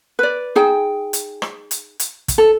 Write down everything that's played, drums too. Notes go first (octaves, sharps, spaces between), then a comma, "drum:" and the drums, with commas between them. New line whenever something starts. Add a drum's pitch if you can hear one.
B4 D5
D#4 G#4 G5
drum: hi-hat
drum: rim click
drum: hi-hat
drum: hi-hat
drum: kick, hi-hat
A4